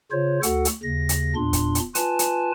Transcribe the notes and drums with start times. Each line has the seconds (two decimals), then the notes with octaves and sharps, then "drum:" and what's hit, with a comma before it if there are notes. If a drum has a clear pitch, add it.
0.11 C#3 F4 C5 C#5
0.43 D2 F#4 A4 F#5, drum: hi-hat
0.65 drum: hi-hat
0.83 D#2 C#3 A#6
1.09 drum: hi-hat
1.35 E2 A#2 D4 C6
1.53 drum: kick, hi-hat
1.75 drum: hi-hat
1.95 F4 B4 G#5 A5, drum: hi-hat
2.19 drum: hi-hat